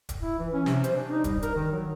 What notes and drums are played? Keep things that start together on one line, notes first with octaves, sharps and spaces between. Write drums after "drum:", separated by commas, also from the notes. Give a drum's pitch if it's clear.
drum: kick, hi-hat
E4
E3
C#4
C3, drum: snare
C5, drum: hi-hat
D4
D#4
G3, drum: kick, hi-hat
A#4, drum: hi-hat
D#3
F#3